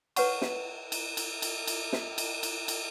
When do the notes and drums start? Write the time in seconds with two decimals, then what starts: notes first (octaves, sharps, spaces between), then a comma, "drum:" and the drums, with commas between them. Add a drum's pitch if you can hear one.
0.16 B4 C#5 F#5 C#6, drum: cymbal
0.42 drum: snare
0.92 drum: cymbal
1.17 drum: cymbal
1.42 drum: cymbal
1.67 drum: cymbal
1.93 drum: snare
2.18 drum: cymbal
2.43 drum: cymbal
2.68 drum: cymbal